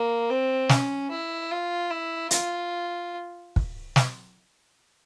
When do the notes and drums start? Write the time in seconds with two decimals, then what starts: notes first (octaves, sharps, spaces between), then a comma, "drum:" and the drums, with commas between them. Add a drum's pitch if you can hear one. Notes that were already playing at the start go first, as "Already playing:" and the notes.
Already playing: A#3
0.30 C4
0.69 C#4, drum: snare
1.11 E4
1.51 F4
1.90 E4
2.31 F4, drum: hi-hat
3.56 drum: kick
3.96 drum: snare